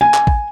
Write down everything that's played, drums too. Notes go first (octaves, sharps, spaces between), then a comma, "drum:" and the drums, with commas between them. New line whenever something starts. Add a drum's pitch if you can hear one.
G#5
drum: clap
drum: kick A1